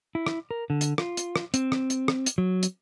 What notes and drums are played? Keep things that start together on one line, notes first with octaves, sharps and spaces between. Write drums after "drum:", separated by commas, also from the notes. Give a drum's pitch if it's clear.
E4
drum: rim click
A#4
D3
drum: hi-hat
F4, drum: rim click
drum: hi-hat
drum: rim click
C4, drum: hi-hat
drum: rim click
drum: hi-hat
drum: rim click
drum: hi-hat
F#3
drum: hi-hat